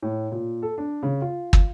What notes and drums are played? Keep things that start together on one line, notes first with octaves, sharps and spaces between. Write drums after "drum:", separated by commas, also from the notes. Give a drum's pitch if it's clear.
A2
A#2
A4
D4
C#3
F4
drum: kick